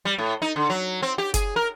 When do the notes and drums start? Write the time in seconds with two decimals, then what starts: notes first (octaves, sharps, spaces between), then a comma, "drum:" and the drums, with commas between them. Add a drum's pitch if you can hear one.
0.05 G3
0.18 A2
0.42 D#4
0.56 D3
0.70 F#3
1.03 C4
1.18 G4
1.34 G#4, drum: kick F#1, hi-hat
1.56 A#4